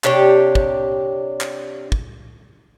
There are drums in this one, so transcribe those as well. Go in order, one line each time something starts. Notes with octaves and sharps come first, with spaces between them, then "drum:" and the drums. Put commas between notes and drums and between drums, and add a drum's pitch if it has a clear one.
C3 D4 G4 C#5, drum: clap
drum: kick
drum: clap
drum: kick